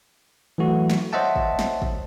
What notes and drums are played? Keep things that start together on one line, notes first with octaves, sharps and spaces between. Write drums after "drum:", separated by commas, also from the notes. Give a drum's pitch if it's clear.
E3 F#3 A3 F#4
drum: snare
C5 C#5 D#5 E5 F#5 A5
drum: kick
drum: snare
drum: kick